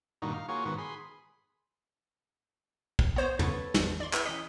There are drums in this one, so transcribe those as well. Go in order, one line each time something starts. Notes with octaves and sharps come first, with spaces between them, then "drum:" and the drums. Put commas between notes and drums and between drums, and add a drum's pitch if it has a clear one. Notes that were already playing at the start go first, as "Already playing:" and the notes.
G2 A#2 D#3 D#4 F#4
F5
A#3 F4 F#4 G#4 C#5
G#2 D#3 B3 F#4
G#4 B5 C6
drum: kick
B3 C5 C#5
C#3 B3 A4 B4 C#5, drum: tom
G#1 E2, drum: snare
D5 C6
E4 B4, drum: clap
E3 C#4 D#5 B6